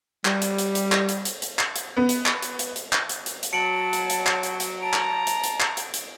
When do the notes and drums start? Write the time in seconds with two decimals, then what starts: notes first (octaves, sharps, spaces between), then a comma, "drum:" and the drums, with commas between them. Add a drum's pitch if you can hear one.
0.25 G3, drum: clap
0.42 drum: hi-hat
0.58 drum: hi-hat
0.75 drum: hi-hat
0.92 drum: clap
1.09 drum: hi-hat
1.25 drum: hi-hat
1.42 drum: hi-hat
1.59 drum: clap
1.76 drum: hi-hat
1.97 B3
2.09 drum: hi-hat
2.26 drum: clap
2.42 drum: hi-hat
2.59 drum: hi-hat
2.76 drum: hi-hat
2.93 drum: clap
3.09 drum: hi-hat
3.26 drum: hi-hat
3.43 drum: hi-hat
3.53 F#3 A5 C#7 D7 F#7
3.93 drum: hi-hat
4.10 drum: hi-hat
4.26 drum: clap
4.43 drum: hi-hat
4.60 drum: hi-hat
4.83 A5 A#5 D7
4.93 drum: clap
5.27 drum: hi-hat
5.44 drum: hi-hat
5.60 drum: clap
5.77 drum: hi-hat
5.94 drum: hi-hat